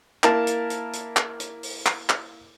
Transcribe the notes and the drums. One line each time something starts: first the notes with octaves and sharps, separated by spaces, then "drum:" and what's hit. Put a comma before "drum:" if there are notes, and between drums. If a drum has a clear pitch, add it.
A#3 E4 A#4 A5, drum: clap
drum: hi-hat
drum: hi-hat
drum: hi-hat
drum: clap
drum: hi-hat
drum: open hi-hat
drum: clap
drum: clap